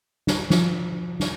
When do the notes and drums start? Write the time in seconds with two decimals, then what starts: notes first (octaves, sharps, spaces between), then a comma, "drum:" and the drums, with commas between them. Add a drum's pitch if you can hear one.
0.27 drum: snare
0.50 F3, drum: snare
1.20 drum: snare